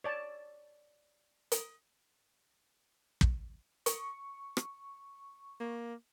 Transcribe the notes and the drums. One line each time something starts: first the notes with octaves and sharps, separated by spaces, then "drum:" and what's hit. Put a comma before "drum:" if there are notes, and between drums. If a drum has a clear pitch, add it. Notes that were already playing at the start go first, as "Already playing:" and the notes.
C#5 D5 A5
drum: hi-hat
drum: kick
C#6, drum: hi-hat
drum: rim click
A#3